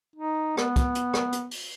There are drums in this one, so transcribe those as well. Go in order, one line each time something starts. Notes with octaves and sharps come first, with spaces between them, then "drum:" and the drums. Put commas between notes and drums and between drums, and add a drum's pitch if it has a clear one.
D#4
B3, drum: rim click
drum: kick, hi-hat
drum: hi-hat
drum: rim click
drum: hi-hat
drum: open hi-hat